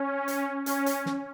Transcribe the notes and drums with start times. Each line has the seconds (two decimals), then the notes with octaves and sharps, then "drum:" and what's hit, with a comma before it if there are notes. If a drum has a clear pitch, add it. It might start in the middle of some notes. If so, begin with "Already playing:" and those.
Already playing: C#4
0.28 drum: hi-hat
0.66 C#4, drum: hi-hat
0.86 drum: hi-hat
1.06 drum: snare